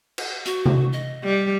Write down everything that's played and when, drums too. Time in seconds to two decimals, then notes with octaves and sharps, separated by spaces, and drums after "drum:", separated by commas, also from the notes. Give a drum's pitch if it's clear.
0.18 drum: cymbal
0.46 F#4, drum: hi-hat
0.66 drum: tom C3
0.93 D#5
1.24 G3